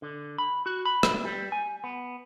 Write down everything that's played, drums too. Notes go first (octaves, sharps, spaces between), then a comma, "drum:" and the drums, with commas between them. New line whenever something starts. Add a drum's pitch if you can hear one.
D3
B5
F#4
B5
drum: rim click
G3
G#5
B3